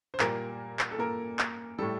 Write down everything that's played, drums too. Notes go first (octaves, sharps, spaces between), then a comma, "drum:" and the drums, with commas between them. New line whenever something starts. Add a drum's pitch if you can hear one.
C5
A#2 G3 A#3 A#4, drum: clap
drum: clap
A4
A#3 A#4
drum: clap
A2 G3 A4